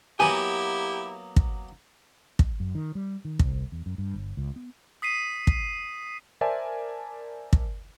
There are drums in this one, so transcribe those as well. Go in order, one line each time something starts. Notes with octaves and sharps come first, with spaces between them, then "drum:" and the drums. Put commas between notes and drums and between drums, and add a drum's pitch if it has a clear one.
F#3 A#3 B3 E4 G4 G#5
drum: kick
drum: kick
F#2
D#3
G3
D#3
C2, drum: kick
E2
F#2
G2
G1
C#2
B3
D#6 B6 C7 D#7
drum: kick
A#4 C5 D5 E5 G#5 A5
drum: kick